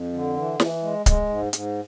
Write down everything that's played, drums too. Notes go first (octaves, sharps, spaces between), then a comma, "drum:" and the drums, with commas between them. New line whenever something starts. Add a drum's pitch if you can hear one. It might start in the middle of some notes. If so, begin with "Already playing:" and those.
Already playing: F2
D3
E3
E3, drum: snare
G#3
G#3, drum: kick C#1, hi-hat
G#2
G#2, drum: hi-hat